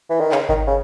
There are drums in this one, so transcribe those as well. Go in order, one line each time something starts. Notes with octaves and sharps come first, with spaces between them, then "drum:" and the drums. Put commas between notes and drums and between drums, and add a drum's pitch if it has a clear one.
E3
D#3
C#3, drum: clap
D#3, drum: kick G#1
C#3